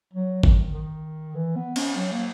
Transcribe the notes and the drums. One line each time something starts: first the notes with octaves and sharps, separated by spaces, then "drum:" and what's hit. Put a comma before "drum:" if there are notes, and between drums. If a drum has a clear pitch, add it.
F#3
D#3, drum: kick
D#3
E3
B3
C#4, drum: cymbal
F#3
A#3